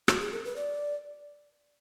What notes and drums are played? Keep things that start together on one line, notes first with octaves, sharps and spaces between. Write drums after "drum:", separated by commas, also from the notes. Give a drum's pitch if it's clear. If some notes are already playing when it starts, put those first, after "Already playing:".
F#4, drum: rim click
G#4
A#4
B4
D5